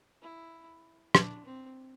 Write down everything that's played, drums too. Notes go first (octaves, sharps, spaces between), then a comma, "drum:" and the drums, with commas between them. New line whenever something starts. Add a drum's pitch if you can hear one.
E4
D4, drum: rim click
C4